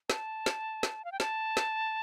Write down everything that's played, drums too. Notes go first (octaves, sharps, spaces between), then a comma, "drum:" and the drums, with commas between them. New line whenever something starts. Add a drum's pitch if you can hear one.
A5, drum: snare
drum: snare
drum: snare
F5
G5
A5, drum: snare
drum: snare